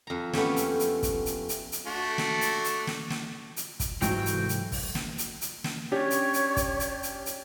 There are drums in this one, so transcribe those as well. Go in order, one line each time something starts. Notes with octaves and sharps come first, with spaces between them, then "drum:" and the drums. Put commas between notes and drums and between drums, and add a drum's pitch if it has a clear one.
F2 A#5
A3 B3 C#4 G4 C#5, drum: snare
drum: hi-hat
drum: hi-hat
drum: kick, hi-hat
drum: hi-hat
drum: hi-hat
drum: hi-hat
A3 D4 F#4
drum: snare
drum: hi-hat
drum: hi-hat
drum: snare
drum: snare
drum: hi-hat
drum: kick, hi-hat
G#2 C3 E3 F#3 A3 G5, drum: hi-hat
drum: hi-hat
drum: hi-hat
drum: kick, open hi-hat
drum: snare
drum: hi-hat
drum: hi-hat
drum: snare
C#4 D4 G4 C#5
drum: hi-hat
drum: hi-hat
drum: kick, hi-hat
drum: hi-hat
drum: hi-hat
drum: hi-hat